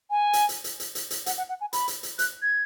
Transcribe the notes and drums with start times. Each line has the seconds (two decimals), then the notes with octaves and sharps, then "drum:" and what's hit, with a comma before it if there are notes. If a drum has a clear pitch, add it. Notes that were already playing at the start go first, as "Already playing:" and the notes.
0.10 G#5
0.33 drum: hi-hat
0.49 drum: hi-hat
0.64 drum: hi-hat
0.80 drum: hi-hat
0.95 drum: hi-hat
1.10 drum: hi-hat
1.26 F#5, drum: hi-hat
1.38 F#5
1.49 F#5
1.61 G#5
1.73 B5, drum: hi-hat
1.88 drum: hi-hat
2.03 drum: hi-hat
2.19 F#6, drum: hi-hat
2.42 G#6